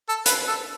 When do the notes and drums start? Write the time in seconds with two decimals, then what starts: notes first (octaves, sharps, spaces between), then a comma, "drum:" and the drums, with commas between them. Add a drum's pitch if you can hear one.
0.09 A4
0.26 B4, drum: hi-hat
0.47 A4